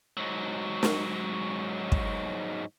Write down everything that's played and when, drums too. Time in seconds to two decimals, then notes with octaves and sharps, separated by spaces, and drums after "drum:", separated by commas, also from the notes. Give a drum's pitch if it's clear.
0.17 G#2 F#3
0.83 drum: snare
1.92 drum: kick